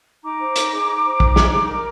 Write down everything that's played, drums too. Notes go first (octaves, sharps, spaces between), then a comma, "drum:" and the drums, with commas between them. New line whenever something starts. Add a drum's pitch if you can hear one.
D#4 A#5 D6
C5
D#4, drum: hi-hat
G#4
D#4
C5
D#4, drum: kick
G#4, drum: snare
D#4
A#4